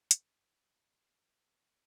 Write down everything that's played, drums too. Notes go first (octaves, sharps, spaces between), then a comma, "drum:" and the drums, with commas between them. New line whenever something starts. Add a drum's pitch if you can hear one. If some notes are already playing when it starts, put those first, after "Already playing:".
B2 C5 B5, drum: hi-hat
F2 A#3